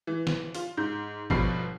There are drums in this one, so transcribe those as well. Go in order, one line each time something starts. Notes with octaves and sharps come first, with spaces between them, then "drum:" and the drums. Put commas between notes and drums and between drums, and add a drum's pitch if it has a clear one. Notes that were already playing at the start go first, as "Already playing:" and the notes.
E3
drum: snare
F4, drum: open hi-hat
G#2 G6
G1 B2 F3 G3 B5 C7, drum: kick G#1